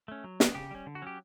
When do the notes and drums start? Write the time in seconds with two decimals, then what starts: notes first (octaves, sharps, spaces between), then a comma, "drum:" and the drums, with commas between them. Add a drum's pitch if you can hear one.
0.08 A3 C#4
0.24 F#3
0.40 B3, drum: snare
0.55 C#3 G4
0.71 G3 C#4
0.86 D3
0.95 F#4
1.02 F#3 C#4 G4